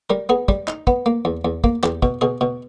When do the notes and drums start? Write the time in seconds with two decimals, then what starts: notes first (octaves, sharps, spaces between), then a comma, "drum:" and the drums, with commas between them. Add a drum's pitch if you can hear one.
0.10 G3 A#4
0.29 B3 G#4
0.48 G3, drum: kick
0.68 D#4, drum: clap
0.87 B3, drum: kick
1.06 A#3
1.25 E2
1.45 E2
1.64 A#3, drum: kick
1.83 E2 G4, drum: clap
2.03 B2, drum: kick
2.21 B2 G#4
2.41 B2